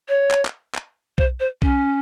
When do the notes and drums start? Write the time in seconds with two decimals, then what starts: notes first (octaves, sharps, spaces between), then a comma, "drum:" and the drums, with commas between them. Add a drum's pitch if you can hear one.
0.09 C#5
0.31 drum: clap
0.45 drum: clap
0.75 drum: clap
1.18 C5, drum: kick B1
1.40 C5
1.62 C#4, drum: kick B1